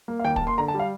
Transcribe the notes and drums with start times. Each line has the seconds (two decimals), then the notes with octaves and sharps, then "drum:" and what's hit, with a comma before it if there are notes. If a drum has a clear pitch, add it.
0.08 A#3
0.19 F5
0.24 D#2 G5
0.36 A5, drum: kick
0.41 A#3
0.47 C6
0.58 D3 A#5
0.68 A5
0.74 G3
0.79 F5